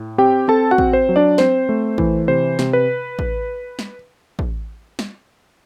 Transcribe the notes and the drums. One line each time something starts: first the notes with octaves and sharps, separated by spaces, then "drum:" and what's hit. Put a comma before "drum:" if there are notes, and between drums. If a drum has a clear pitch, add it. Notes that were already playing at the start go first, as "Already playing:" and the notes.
Already playing: A2
C4 G4 G5
C4 A4 A5
F#4 F#5
C4, drum: kick A1
C5
F#3
D4 D5
C4 C5, drum: snare
A3
E3, drum: kick A1
C3 C5
C3, drum: snare
B4
drum: kick A1
drum: snare
drum: kick A1
drum: snare